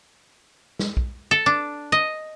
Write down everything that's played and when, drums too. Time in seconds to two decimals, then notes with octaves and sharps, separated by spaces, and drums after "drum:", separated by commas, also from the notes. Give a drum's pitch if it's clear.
0.79 drum: snare
0.97 drum: kick
1.31 A4
1.46 D4
1.92 D#5